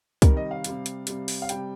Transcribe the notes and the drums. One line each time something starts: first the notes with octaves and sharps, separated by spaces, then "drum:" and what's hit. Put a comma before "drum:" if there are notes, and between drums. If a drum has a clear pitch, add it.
C3 D#3 G3 A#4, drum: kick C2, hi-hat
D#5
F5
C3 G3, drum: hi-hat
drum: hi-hat
C3 G3, drum: hi-hat
drum: open hi-hat
F5
C3 G3 G5, drum: hi-hat